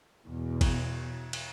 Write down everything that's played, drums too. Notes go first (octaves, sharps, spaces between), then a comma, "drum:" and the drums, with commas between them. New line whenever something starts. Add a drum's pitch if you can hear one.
E2 B2
drum: kick G1, cymbal
drum: cymbal